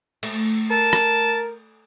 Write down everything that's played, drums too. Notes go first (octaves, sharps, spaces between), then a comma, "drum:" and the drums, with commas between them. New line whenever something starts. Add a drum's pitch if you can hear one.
A3, drum: cymbal
A#4 A5
drum: rim click